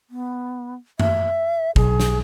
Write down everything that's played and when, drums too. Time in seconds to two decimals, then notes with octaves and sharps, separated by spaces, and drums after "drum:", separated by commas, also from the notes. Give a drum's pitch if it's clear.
0.10 B3
1.00 E5, drum: tom F#2
1.76 B1 G#4, drum: kick
2.00 drum: snare